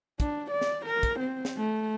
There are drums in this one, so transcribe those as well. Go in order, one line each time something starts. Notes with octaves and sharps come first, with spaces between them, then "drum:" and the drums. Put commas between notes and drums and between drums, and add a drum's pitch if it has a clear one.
D4, drum: kick, hi-hat
D5
drum: snare
A#4
drum: kick, hi-hat
C4
drum: snare
A3